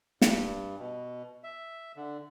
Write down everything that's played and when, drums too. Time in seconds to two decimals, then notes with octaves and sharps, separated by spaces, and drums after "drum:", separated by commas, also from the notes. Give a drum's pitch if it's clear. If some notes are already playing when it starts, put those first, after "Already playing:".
0.22 G2, drum: snare
0.79 B2
1.44 E5
1.96 D3